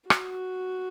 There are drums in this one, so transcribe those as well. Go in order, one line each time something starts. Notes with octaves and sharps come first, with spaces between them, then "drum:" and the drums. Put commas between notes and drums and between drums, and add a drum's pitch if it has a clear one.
F#4, drum: rim click